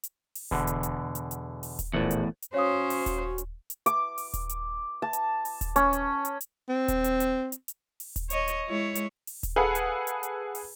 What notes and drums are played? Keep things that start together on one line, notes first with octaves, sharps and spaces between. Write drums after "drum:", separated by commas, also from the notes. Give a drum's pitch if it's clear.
drum: hi-hat
drum: open hi-hat
E2 B2 D3, drum: kick D#1
drum: hi-hat
drum: hi-hat
drum: hi-hat
drum: hi-hat
drum: open hi-hat
drum: kick D#1, hi-hat
A#1 E2 A2 F#5
drum: hi-hat
drum: hi-hat
C#4 F#4 C5 C#5 F5 D#6
drum: open hi-hat
drum: kick D#1, hi-hat
drum: hi-hat
drum: hi-hat
D6, drum: hi-hat
drum: open hi-hat
drum: kick D#1, hi-hat
drum: hi-hat
A5
drum: hi-hat
drum: open hi-hat
drum: kick D#1, hi-hat
C#4, drum: hi-hat
drum: hi-hat
drum: hi-hat
drum: hi-hat
C4
drum: kick D#1, hi-hat
drum: hi-hat
drum: hi-hat
drum: hi-hat
drum: hi-hat
drum: open hi-hat
drum: kick D#1, hi-hat
C#5 D#5, drum: hi-hat
drum: hi-hat
G#3 E4 C#5
drum: hi-hat
drum: open hi-hat
drum: kick D#1, hi-hat
G#4 A4 B4 F5 F#5 G#5
drum: hi-hat
drum: hi-hat
drum: hi-hat
drum: open hi-hat